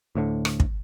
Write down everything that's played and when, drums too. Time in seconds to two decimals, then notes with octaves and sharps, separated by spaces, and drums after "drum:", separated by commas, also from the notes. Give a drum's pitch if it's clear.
0.15 D2 A2 D3
0.45 drum: rim click
0.60 drum: kick